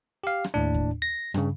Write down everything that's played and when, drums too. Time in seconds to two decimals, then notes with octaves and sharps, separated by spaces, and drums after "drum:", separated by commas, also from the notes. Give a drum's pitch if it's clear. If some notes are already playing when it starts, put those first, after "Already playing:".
0.24 G4 F5
0.44 drum: rim click
0.54 D#2 A2 D4
0.74 drum: kick D#2
1.02 A#6
1.34 G2 C#3, drum: rim click